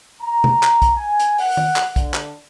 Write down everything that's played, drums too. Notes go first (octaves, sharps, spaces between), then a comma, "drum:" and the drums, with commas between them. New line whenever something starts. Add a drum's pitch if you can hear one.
A#5
drum: tom B2
drum: clap
drum: kick, hi-hat
G#5
drum: hi-hat
F#5, drum: open hi-hat
drum: tom
drum: clap
D3, drum: kick, hi-hat
drum: clap